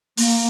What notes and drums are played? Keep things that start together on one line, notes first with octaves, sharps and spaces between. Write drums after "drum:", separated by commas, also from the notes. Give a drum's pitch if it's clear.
A#3, drum: open hi-hat